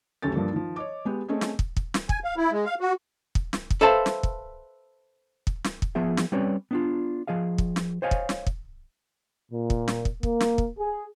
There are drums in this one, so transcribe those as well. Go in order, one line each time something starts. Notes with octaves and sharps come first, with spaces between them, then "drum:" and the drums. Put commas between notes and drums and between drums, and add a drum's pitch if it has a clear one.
F#1 D2 C#4 G4 A4 A6
G2 F3 G3 A#3
D#3 F3
C#5 D#5 D6
G#3 B3 G4
A3 C4 C#4 G#4 D#5
drum: snare
drum: kick
drum: kick
drum: snare
G#5, drum: kick
F5
E4
G#3
F5
F#4
drum: kick
drum: snare
drum: kick
A4 B4 C5 E5 F5 A5
drum: snare
drum: kick
drum: kick
drum: snare
drum: kick
F3 B3 G#4 E5
drum: snare
G3 C4 C#4 B4 C#5 D5
B3 D4 F4
F3 G#4 D#5 F5
drum: kick
drum: snare
C5 C#5 D#5 F5 G5 G#5
drum: kick
drum: snare
drum: kick
A#2
drum: kick
drum: snare
drum: kick
A#3, drum: kick
drum: snare
drum: kick
G#4